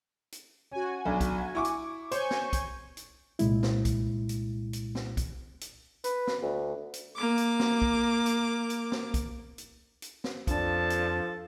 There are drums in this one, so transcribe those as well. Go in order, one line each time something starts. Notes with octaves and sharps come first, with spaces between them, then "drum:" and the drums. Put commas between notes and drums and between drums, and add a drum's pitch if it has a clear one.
drum: hi-hat
C#4 F#4 G#5
B1 D4
drum: kick, hi-hat
E4 C#6 D6
drum: hi-hat
C5 C#5 G#5 C#6 G6, drum: hi-hat
drum: snare
drum: kick, hi-hat
drum: hi-hat
C2 A#2 G#3 E4, drum: hi-hat
drum: snare
drum: kick, hi-hat
drum: hi-hat
drum: hi-hat
drum: snare
drum: kick, hi-hat
drum: hi-hat
B4, drum: hi-hat
drum: snare
D2
drum: hi-hat
A#3 D6
drum: hi-hat
drum: snare
drum: kick
drum: hi-hat
drum: hi-hat
drum: snare
drum: kick, hi-hat
drum: hi-hat
drum: hi-hat
drum: snare
F2 F3 D4 A4 A5, drum: kick, hi-hat
drum: hi-hat